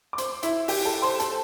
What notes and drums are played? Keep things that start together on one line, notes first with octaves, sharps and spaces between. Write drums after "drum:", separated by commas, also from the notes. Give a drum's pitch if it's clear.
D6
C5 C6, drum: hi-hat
E4 E5, drum: hi-hat
G4 G5, drum: open hi-hat
A4 A5
C5 C6
A4 A5, drum: hi-hat